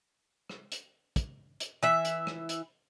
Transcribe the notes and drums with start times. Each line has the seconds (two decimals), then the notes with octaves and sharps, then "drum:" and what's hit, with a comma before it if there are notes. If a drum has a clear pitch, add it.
0.50 drum: rim click
0.72 drum: hi-hat
1.16 drum: kick, hi-hat
1.60 drum: hi-hat
1.83 E3 E5
2.05 drum: hi-hat
2.27 drum: rim click
2.49 drum: hi-hat